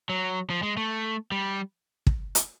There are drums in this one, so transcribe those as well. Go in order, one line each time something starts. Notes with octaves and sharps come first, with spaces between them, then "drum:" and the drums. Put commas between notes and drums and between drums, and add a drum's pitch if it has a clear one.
F#3
F3
G#3
A3
G3
drum: kick
drum: hi-hat